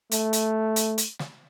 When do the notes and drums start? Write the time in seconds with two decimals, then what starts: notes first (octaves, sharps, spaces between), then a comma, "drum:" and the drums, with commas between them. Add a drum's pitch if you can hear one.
0.12 A3, drum: hi-hat
0.33 drum: hi-hat
0.76 drum: hi-hat
0.98 drum: hi-hat
1.19 drum: snare